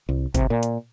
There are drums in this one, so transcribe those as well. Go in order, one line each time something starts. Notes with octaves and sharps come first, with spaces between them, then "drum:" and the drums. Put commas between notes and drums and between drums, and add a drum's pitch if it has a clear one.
C2
C3, drum: kick G1, hi-hat
A#2
drum: hi-hat